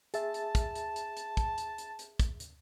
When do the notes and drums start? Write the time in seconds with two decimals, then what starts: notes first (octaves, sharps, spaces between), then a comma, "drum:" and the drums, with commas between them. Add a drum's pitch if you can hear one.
0.14 G#4 E5 A5, drum: hi-hat
0.34 drum: hi-hat
0.55 drum: kick, hi-hat
0.75 drum: hi-hat
0.96 drum: hi-hat
1.17 drum: hi-hat
1.37 drum: kick, hi-hat
1.58 drum: hi-hat
1.78 drum: hi-hat
1.99 drum: hi-hat
2.20 drum: kick, hi-hat
2.40 drum: hi-hat